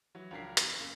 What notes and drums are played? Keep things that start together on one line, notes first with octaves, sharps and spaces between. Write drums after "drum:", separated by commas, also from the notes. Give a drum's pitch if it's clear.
E3 F#3
C#2 F#3 D4 A#4 B6 C7
E2 B3 F6 A#6 G7, drum: hi-hat
F#2 C#3 A#3 F5 E6